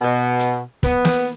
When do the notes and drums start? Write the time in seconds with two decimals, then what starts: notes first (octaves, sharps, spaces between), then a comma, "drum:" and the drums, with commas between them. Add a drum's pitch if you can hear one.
0.02 B2
0.39 drum: hi-hat
0.83 B3, drum: kick, hi-hat
1.05 drum: snare